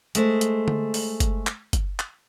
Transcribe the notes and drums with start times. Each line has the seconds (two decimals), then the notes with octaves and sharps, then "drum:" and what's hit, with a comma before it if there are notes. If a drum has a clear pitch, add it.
0.15 G#3 A3 C5, drum: hi-hat
0.41 drum: hi-hat
0.68 drum: tom D3
0.94 drum: open hi-hat
1.20 drum: kick F#1, hi-hat
1.47 drum: clap
1.73 drum: kick F#1, hi-hat
1.99 drum: clap